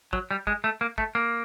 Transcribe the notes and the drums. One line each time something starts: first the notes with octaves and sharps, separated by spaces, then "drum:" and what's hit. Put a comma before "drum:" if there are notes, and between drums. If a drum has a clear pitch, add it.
F#3, drum: kick
G3
G#3, drum: kick
A3
A#3
A3, drum: kick
A#3